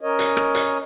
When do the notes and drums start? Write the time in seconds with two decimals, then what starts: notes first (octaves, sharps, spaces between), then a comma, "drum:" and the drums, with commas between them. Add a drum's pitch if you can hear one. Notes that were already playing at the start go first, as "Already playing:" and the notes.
0.01 C#4 A#4 C#5 D#5
0.19 drum: hi-hat
0.37 drum: rim click
0.55 drum: hi-hat